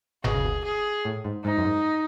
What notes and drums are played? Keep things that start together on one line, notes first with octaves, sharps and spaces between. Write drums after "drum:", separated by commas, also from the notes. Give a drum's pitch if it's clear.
B2 G#4, drum: tom F#1
C#3
B2
G#4
A2
G#2
G#2 D#4
F#2
G#2